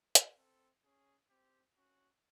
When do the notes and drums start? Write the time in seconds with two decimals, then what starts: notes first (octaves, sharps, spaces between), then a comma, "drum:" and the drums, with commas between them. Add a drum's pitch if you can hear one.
0.15 drum: hi-hat
0.37 C4 A4
0.85 C#4 G#4
1.30 C4 G4
1.76 C#4 F#4